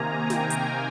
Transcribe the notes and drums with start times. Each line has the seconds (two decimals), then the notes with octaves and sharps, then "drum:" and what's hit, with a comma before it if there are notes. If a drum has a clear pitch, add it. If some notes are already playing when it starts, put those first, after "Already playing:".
Already playing: C3 D#3 A#3 G#5 A#5
0.30 G5, drum: snare
0.50 drum: hi-hat